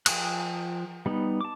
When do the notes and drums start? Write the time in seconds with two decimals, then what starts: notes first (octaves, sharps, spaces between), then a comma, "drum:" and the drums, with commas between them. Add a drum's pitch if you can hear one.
0.06 F3 G5 G#5 D#6 F#6, drum: cymbal
1.06 G3 B3 D#4
1.41 A5 D6